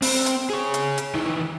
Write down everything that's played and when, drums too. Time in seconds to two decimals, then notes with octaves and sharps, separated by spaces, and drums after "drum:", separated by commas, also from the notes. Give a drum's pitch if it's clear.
0.02 C4, drum: open hi-hat
0.26 drum: hi-hat
0.50 G#4 C#5
0.74 drum: hi-hat
0.98 drum: hi-hat
1.15 D#3 E3